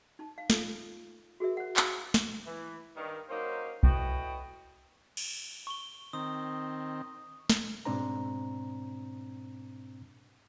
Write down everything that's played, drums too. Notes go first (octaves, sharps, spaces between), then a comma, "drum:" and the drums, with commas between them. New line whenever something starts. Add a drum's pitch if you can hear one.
D#4 A5
F5
F4 A4, drum: snare
F#4 G#4 A#4 E5
C5 F#5
F5 E6, drum: clap
drum: snare
E3
G2 D#3
F#3 A#3 C#4 D#4 C5
A2 B3 F#4 D#5 G5, drum: kick B1
drum: cymbal
C#6 G7
D#3 C4 D#6
drum: snare
G#2 B2 C4 D4 C5 A#5